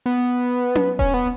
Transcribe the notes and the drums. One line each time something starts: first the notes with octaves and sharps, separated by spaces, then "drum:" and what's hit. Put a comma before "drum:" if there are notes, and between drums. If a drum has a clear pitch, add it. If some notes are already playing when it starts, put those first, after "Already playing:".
B3
drum: tom C#4
C#4, drum: kick D#1
B3